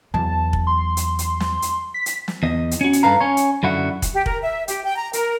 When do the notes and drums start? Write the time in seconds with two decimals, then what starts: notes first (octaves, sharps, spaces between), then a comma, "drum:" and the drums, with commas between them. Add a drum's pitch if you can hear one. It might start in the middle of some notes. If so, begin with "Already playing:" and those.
0.14 E2 F#3 A5
0.53 drum: kick
0.67 C6
0.97 drum: hi-hat
1.19 drum: hi-hat
1.40 drum: snare
1.62 drum: hi-hat
1.94 B6
2.06 drum: hi-hat
2.28 drum: snare
2.43 E2 D#5
2.71 drum: hi-hat
2.81 C#4 F#4
2.93 drum: hi-hat
3.03 G2 B2 A4 B4 F5 A#5
3.20 C#4 C#5
3.37 drum: hi-hat
3.63 F#2 D3 E4 F#4
4.02 drum: kick, hi-hat
4.14 G4
4.26 A#4, drum: kick
4.42 E5
4.68 G4, drum: hi-hat
4.83 G5
4.96 A#5
5.13 A#4, drum: hi-hat